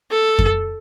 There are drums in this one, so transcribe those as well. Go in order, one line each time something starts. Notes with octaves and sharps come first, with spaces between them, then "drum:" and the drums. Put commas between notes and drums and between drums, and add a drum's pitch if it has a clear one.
A4
drum: kick F2